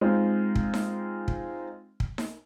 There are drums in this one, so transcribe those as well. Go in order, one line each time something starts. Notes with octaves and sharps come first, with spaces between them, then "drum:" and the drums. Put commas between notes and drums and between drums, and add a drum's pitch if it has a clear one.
G#3 C4 D#4 F4
drum: kick
drum: snare D#4
drum: kick
drum: kick
drum: snare D#4